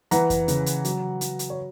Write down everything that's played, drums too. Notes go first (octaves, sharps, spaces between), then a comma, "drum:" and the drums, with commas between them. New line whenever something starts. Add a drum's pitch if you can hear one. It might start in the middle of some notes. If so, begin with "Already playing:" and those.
E3 F#5 A#5, drum: hi-hat
drum: kick F2, hi-hat
C#3, drum: hi-hat
drum: hi-hat
F#3, drum: hi-hat
F#3, drum: hi-hat
drum: hi-hat
C#5